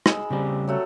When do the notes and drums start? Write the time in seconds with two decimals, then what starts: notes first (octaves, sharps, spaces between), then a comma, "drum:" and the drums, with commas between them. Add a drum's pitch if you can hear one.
0.06 G#3 B5 E6, drum: rim click
0.30 C#3 G3 C4 G4 D5
0.67 F#3 A3 F#4